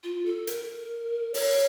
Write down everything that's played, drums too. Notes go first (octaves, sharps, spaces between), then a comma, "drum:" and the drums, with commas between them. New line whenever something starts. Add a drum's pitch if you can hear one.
F4
A4
A#4, drum: hi-hat
C#5, drum: open hi-hat